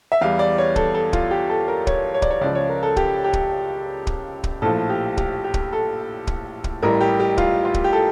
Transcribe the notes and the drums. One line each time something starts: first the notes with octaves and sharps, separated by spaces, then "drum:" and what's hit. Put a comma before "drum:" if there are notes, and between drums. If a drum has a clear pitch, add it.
E5
E2 E3 G3 F5
D5
C#5
A4, drum: kick
A4
F4, drum: kick
G4
A4
A#4
C#5, drum: kick
C#5
D5, drum: kick
C#5
C#2 C#3 F3 D5
C#5
A#4
A4
G4, drum: kick
G4
drum: kick
drum: kick
drum: kick
A#1 A2 F3 A4
G4
G4, drum: kick
G4
drum: kick
A4
drum: kick
drum: kick
A1 A2 G3 A#4
G4
G4
F4, drum: kick
F4
drum: kick
G4
A4